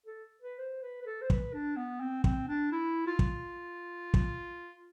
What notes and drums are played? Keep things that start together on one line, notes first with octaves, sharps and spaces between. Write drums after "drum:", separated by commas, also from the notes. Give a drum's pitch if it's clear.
A4
B4
C5
B4
B4
A4
C5
B4, drum: kick
D4
B3
C4
C4, drum: kick
D4
E4
F4
drum: kick
drum: kick